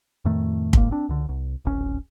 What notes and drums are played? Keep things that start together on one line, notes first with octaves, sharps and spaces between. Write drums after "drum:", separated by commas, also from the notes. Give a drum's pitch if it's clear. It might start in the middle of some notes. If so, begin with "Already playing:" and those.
F2 A2 D#3 A3
C2 G#2 A#3, drum: kick
C4 D4
C#2 D3
C2
D1 G#1 C#4